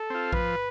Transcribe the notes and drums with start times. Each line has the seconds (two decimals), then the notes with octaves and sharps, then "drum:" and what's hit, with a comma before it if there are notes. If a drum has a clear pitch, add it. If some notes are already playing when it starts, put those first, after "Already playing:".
Already playing: A4
0.10 C4 F4
0.33 F3 B4, drum: kick A#1